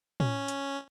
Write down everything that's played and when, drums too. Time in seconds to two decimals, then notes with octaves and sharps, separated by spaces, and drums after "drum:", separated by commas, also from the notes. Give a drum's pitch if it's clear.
0.20 C#4, drum: tom
0.48 drum: hi-hat